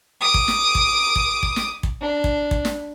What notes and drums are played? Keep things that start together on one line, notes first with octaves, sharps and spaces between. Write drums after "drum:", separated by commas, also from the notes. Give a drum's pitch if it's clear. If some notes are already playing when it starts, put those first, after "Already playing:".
D6 D#6
drum: kick
drum: snare
drum: kick
drum: kick
drum: kick
drum: snare
drum: kick
D4
drum: kick
drum: kick
drum: snare